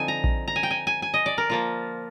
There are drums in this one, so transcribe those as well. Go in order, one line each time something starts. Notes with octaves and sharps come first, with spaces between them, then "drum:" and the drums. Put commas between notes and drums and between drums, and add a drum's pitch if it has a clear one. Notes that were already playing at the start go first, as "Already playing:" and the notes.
Already playing: D3 F3 C4 D#4 G#5
A#5
drum: kick A#1
A#5
G#5
G5
G#5
G#5
G#5
D#5
D5
A#4
F3 A#3 F4